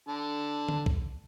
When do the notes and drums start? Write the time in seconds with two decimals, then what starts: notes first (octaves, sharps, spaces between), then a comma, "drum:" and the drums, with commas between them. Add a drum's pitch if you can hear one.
0.08 D3 A5
0.69 drum: tom D3
0.86 drum: kick